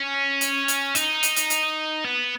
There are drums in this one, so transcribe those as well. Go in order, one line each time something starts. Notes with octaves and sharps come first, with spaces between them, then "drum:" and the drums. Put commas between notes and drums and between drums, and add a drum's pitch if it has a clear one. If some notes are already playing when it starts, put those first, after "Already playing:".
Already playing: C#4
drum: hi-hat
drum: hi-hat
D#4, drum: hi-hat
drum: hi-hat
drum: hi-hat
drum: hi-hat
B3